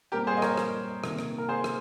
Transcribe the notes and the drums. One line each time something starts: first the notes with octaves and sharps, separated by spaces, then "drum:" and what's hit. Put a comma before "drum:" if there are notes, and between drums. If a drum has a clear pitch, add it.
A#2 G3 C4 G4 A#4
G#4 C5
D#5
A#4 C#5, drum: rim click
drum: rim click
C3 D#3 A#3, drum: rim click
drum: rim click
A#4
G#4 C5
drum: rim click